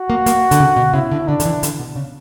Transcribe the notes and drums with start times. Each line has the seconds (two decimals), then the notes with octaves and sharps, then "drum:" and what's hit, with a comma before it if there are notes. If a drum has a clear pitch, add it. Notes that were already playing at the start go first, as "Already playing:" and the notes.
Already playing: F#4
0.10 A#3
0.26 A#3, drum: hi-hat
0.51 D3, drum: hi-hat
0.60 C#3
0.77 B2
0.94 C#3 E4
1.12 D3
1.28 D3 D4
1.40 D3, drum: hi-hat
1.45 E3
1.63 D3, drum: hi-hat
1.79 B2
1.96 C#3